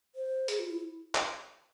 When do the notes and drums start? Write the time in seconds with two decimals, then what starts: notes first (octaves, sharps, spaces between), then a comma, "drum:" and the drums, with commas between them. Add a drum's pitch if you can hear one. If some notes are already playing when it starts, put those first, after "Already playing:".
0.15 C5
0.48 G#4, drum: hi-hat
0.59 F4
0.70 E4
1.15 drum: clap